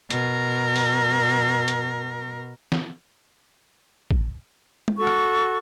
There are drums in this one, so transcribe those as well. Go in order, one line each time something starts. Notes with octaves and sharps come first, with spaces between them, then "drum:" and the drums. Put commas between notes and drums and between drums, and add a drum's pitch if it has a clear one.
B2 A#4, drum: hi-hat
drum: open hi-hat
drum: hi-hat
drum: snare
drum: kick A1
drum: tom G#3
F#4 A4 C#6
drum: rim click